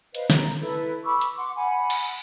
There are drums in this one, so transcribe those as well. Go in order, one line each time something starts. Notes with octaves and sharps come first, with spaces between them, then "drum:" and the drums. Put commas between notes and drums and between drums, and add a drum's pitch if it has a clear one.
B4 C5 D#5 F5, drum: hi-hat
A#5, drum: snare
E4 A4 B4
B5 C#6 D6 E6
drum: hi-hat
F#5 C6 D6
F#5 G#5 B5
drum: cymbal